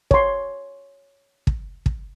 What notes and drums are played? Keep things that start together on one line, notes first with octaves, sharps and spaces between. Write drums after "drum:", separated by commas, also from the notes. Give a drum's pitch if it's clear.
C#5 C6, drum: kick
drum: kick
drum: kick